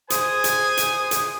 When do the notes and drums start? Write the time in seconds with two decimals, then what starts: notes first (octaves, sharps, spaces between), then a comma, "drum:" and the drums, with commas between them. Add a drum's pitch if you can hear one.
0.10 G#4 C5 G#5 D#6, drum: hi-hat
0.44 drum: hi-hat
0.78 drum: hi-hat
1.11 drum: hi-hat